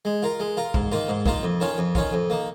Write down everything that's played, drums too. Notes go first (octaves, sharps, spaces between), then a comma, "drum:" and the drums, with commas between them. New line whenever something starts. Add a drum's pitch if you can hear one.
G#3
F4 A#4
G#3
F4 A#4
G#2, drum: kick
D#3 A#3 F4
G#2
D#3 A#3 F4, drum: kick
F2
D#3 C#4 F4
F2
D#3 C#4 F4, drum: kick
F2
D#3 A#3